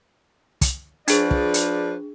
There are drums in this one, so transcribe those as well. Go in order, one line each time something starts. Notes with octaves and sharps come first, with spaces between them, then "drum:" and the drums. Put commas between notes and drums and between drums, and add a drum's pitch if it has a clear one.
drum: kick, hi-hat
F3 D4 G#4 B4 D5, drum: hi-hat
drum: kick
drum: hi-hat